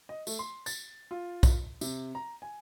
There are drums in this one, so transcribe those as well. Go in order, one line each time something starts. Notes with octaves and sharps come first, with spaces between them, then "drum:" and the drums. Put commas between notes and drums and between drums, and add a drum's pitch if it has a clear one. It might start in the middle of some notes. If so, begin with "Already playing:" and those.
D#5
A3, drum: tambourine
C6
A6, drum: tambourine
F4
drum: kick B1, tambourine
C3, drum: tambourine
A#5
G#5